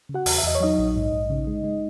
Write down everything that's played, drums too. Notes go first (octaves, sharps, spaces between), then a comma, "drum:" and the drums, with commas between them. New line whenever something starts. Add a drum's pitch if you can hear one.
C#3
F#4 F#5
E2, drum: open hi-hat
E5
E2 D#5
C#5
F#3 D#4 D#5
A#1
G#2
A#1
C#3
G#3
G#3